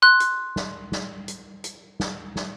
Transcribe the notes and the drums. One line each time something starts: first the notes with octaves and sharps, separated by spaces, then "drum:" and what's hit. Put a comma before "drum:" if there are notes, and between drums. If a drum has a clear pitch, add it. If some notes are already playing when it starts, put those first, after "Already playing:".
C6 F#6
drum: hi-hat
drum: snare
drum: snare
drum: hi-hat
drum: hi-hat
drum: snare
drum: snare